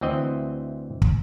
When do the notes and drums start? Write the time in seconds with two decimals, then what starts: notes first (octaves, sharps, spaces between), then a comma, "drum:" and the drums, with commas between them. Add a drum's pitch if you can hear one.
0.01 D2 E3 C4 D#5
1.02 drum: kick